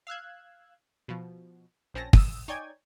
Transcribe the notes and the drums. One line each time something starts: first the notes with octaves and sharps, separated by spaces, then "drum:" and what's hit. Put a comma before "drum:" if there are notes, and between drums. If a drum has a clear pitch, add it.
F5 E6 F#6 G#6
B2 F3
A#1 C4 C#4 A5 A#6
D#6 E6, drum: kick
D#4 C#5 D5 G5 G#5 G#6